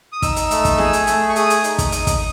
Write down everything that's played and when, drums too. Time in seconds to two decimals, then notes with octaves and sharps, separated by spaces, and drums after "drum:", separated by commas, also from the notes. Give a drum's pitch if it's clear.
0.13 D#6
0.22 D#4 E6, drum: kick, hi-hat
0.36 drum: hi-hat
0.51 A3, drum: hi-hat
0.65 drum: kick, hi-hat
0.78 G#4, drum: snare
0.93 drum: hi-hat
1.07 A3, drum: hi-hat
1.29 C#6
1.36 G#4 D#6, drum: hi-hat
1.50 drum: hi-hat
1.64 D#4, drum: hi-hat
1.78 drum: kick, hi-hat
1.92 D#4, drum: hi-hat
2.07 drum: kick, hi-hat